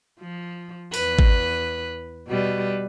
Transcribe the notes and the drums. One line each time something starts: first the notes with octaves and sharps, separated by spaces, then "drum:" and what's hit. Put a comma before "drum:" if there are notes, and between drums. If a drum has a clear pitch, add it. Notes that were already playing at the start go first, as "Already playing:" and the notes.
F3
E2 B4, drum: open hi-hat
drum: kick G#1
B2 G3 B4